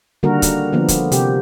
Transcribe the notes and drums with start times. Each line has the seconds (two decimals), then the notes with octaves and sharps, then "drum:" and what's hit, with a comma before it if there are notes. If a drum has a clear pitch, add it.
0.23 D3 D#3 G3 A#3 F#4 A#4
0.42 drum: kick, hi-hat
0.73 D3 F3 A#3 B3
0.88 drum: kick, hi-hat
1.12 C3 G4, drum: hi-hat